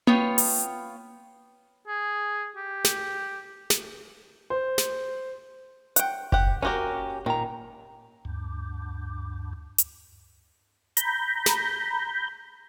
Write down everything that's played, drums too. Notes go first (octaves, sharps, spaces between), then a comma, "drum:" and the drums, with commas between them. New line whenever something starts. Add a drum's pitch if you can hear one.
B3 F4 C#5 G5, drum: tom A#3
drum: open hi-hat
G#4
G4
drum: snare
drum: snare
C5
drum: snare
F#5 G5, drum: hi-hat
G4 F#5, drum: kick F#1
A#3 C#4 F#4 G4 A#4
A#2 D#3 A#5
D2 G2
drum: hi-hat
A#5 B5 G6, drum: hi-hat
drum: snare